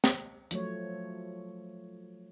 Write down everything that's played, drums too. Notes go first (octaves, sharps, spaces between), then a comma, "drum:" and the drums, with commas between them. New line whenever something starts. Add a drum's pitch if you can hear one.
drum: snare
F3 F#3 A3 C#5, drum: hi-hat